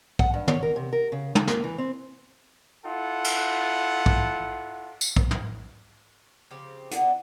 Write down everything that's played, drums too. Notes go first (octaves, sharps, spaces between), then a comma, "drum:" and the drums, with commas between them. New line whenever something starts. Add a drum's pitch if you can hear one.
F#5, drum: kick
G2
C#5, drum: tom
A#4
C3
A#4
C#3
C#3, drum: tom
A#3, drum: snare
E3
C4
E4 F4 A4 F#5
drum: cymbal
drum: kick
drum: tambourine
drum: kick
drum: tom
C#3 F3 C4 G4
D3 B3 D4 F#5, drum: hi-hat